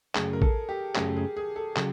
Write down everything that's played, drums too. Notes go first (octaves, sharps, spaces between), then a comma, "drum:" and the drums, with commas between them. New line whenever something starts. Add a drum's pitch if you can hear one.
F#2 C#3 F#3 A3 C#4 G#4, drum: clap
A#4
A4, drum: kick A1
G4
F#2 C#3 F#3 A3 C#4 G#4, drum: clap
G#4
G#4
A4
C#3 F#3 G#4, drum: clap